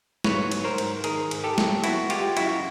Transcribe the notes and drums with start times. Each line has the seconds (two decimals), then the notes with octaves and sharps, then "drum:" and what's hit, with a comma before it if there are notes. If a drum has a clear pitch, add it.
0.24 G#2 B4 C#5, drum: snare
0.52 F#3, drum: cymbal
0.64 A#4 C5
0.78 G#2, drum: cymbal
1.04 D#3 G#4 A#4, drum: cymbal
1.31 G#2, drum: cymbal
1.44 G4 A4
1.58 F#3, drum: snare
1.84 B3 E4 F#4, drum: cymbal
2.10 G#3 F4 G4, drum: cymbal
2.37 F#2 E4 F#4, drum: cymbal